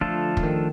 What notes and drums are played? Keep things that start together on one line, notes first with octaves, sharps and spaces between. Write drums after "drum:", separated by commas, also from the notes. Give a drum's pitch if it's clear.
D3 F3 A3 D4 F4 A4
D3, drum: kick
D#3